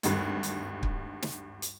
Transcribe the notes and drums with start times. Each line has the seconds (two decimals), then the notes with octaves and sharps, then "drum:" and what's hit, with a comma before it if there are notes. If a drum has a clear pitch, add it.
0.03 G#1 D2 G2, drum: hi-hat
0.43 drum: hi-hat
0.83 drum: kick
1.22 drum: snare
1.62 drum: hi-hat